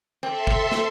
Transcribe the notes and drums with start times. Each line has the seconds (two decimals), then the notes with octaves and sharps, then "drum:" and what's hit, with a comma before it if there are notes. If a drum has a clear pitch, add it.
0.23 C4 A4 E5 C6
0.47 drum: kick G1
0.72 drum: snare